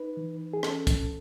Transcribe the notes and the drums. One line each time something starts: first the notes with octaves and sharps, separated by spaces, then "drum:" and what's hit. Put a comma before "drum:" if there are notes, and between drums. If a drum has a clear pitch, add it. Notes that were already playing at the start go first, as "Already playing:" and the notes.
Already playing: D#4 B4
E3
G#4
C#4 A4, drum: rim click
drum: kick, hi-hat